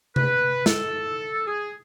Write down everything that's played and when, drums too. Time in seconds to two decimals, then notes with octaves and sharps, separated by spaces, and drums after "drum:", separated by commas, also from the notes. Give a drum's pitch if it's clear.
0.16 B4, drum: tom C3
0.66 A4, drum: snare
1.47 G#4